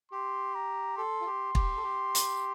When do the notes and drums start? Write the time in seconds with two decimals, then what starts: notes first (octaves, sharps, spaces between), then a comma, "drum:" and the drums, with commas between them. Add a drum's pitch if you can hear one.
0.12 G4 C6
0.55 A#5
0.98 A4 C6
1.21 F4
1.26 G4
1.55 G4, drum: kick
1.77 A4
1.83 G4
2.15 drum: hi-hat